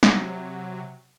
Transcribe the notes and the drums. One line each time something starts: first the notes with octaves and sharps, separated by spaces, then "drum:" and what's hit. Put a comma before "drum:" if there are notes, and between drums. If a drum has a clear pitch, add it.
C3 F#3, drum: snare